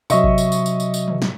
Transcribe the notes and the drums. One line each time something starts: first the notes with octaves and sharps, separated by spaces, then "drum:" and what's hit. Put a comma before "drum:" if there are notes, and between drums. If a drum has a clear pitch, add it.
C3 F#3 D#5 E5 C#6, drum: tambourine
drum: kick A1
drum: tambourine
drum: tambourine
drum: tambourine
drum: tambourine
drum: tambourine
drum: tom
drum: snare